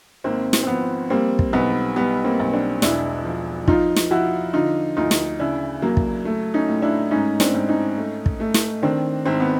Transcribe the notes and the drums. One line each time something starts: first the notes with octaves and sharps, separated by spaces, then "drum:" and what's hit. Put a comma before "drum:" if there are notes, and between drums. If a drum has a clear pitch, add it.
G#1 A#3 C4
drum: snare
C4
F3 B3
G3 A#3 C4
drum: kick
B1 B3
G3 B3
A#3 C4
B1
C4 D4
E1 D4 E4, drum: snare
F3
F3 D#4 F4, drum: kick
drum: snare
F3 E4 F#4
D3 D#4 F4
D2 D#4 F4
drum: snare
C#3 D4 E4
F#3 A#3
drum: kick
A3
C#4 D#4
A2
D4 E4
G#2 C#4 D#4
C4 D4, drum: snare
G#2
C#4 D#4
A3
drum: kick
A3
drum: snare
D#3 C4 D4
G#1 C4
B3